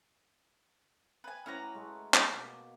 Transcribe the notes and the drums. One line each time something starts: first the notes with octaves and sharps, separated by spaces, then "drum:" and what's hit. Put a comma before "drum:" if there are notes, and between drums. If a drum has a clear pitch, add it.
B4 G#5
A2 C#4 F#4 B4 A#5 D6
G#3 A3 F#4
drum: clap
B2 A#3 D6